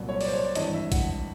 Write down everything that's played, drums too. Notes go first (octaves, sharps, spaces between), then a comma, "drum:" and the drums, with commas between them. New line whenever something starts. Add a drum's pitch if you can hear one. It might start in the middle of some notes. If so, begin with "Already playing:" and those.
Already playing: C2 A#2 F#3
C#5
D5, drum: open hi-hat
C5
C#5
D5
G#1 G2 E3 D#5, drum: hi-hat
E5
F#5, drum: kick A#1, hi-hat